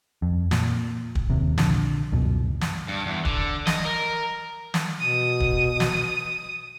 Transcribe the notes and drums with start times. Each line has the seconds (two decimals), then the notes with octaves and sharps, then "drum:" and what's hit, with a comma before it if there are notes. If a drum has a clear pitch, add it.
0.22 F2
0.51 A#2, drum: snare
1.15 drum: kick
1.30 D#2 C3
1.58 A#1 D3 F3, drum: snare
2.12 C#2 F#2 B2
2.61 drum: snare
2.88 G2
3.06 E2
3.25 D3, drum: kick
3.67 D#5, drum: snare
3.85 A#4
4.74 drum: snare
5.00 B2 D#6
5.40 drum: kick
5.80 drum: snare